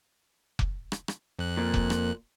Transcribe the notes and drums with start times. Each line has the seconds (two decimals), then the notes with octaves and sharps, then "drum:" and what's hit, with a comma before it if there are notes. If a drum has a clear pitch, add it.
0.59 drum: kick F1
0.92 drum: rim click
1.08 drum: rim click
1.39 F2 F#6
1.57 A#2
1.74 drum: kick F1
1.90 drum: rim click